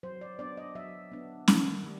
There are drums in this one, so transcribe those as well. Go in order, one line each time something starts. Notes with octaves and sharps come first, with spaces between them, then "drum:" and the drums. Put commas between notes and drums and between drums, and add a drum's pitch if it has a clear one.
F#3 C5
D5
B3 D4 D5
D#5
F#3 E5
B3 D4
D#3, drum: snare
G3